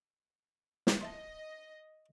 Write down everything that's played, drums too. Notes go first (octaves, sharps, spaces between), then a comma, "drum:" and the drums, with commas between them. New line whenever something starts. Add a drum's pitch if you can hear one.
drum: snare
C5 D#5 E5 A5